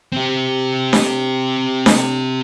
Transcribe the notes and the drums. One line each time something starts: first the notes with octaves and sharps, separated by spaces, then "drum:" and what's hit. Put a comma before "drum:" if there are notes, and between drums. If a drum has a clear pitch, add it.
C4 G4
drum: snare D4
drum: snare D4